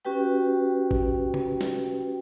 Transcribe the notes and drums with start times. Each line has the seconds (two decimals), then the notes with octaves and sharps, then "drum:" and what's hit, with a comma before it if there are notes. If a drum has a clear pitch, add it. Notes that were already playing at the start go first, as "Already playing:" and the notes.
0.05 C#4 F#4 G4 B4 G5
0.91 drum: kick A1
1.34 drum: tom C3
1.61 drum: snare